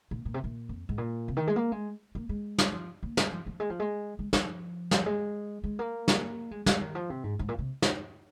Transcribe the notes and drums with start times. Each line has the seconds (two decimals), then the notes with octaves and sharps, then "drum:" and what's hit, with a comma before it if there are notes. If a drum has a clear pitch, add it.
0.11 A#2
0.25 A#2
0.34 C3
0.44 A#2
0.69 F2
0.89 G#2
0.98 A#2
1.28 C3
1.37 D#3
1.47 G#3
1.56 A#3
1.72 G#3
2.15 A#3
2.29 G#3
2.58 drum: snare
2.72 F3
3.03 A#3
3.17 G#3, drum: snare
3.32 F3
3.46 F3
3.60 G#3
3.70 F3
3.80 G#3
4.19 G#3
4.33 F3, drum: snare
4.91 drum: snare
5.06 G#3
5.64 G#3
5.79 A#3
6.08 drum: snare
6.51 G#3
6.66 G#3, drum: snare
6.81 D#3
6.95 F3
7.10 C3
7.24 G#2
7.39 G#2
7.49 A#2
7.59 C3
7.82 drum: snare